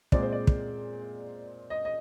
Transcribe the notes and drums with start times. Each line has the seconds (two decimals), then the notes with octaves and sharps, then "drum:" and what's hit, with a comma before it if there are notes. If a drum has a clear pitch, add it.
0.12 A#2 G#3 C4 D5, drum: kick
0.22 C5
0.32 D5
0.47 drum: kick
1.70 D#5
1.85 D#5